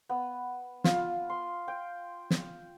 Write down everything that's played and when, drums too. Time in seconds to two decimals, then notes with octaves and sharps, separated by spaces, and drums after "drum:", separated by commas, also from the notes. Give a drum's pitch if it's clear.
0.09 B3
0.84 F4, drum: snare
1.29 C6
1.68 G5
2.30 drum: snare